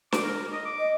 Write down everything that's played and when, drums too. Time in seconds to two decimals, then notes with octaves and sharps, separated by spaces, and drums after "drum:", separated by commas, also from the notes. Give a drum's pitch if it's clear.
0.12 D6, drum: snare
0.24 A#4
0.52 D#5
0.65 D6
0.79 D#5